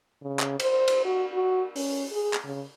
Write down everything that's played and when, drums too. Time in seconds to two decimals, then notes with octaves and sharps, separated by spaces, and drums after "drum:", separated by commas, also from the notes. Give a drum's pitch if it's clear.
0.22 C#3
0.39 drum: clap
0.60 C5, drum: cymbal
0.88 drum: cymbal
1.05 F#4
1.33 F#4
1.76 C#4, drum: open hi-hat
2.12 G#4
2.33 drum: clap
2.44 C#3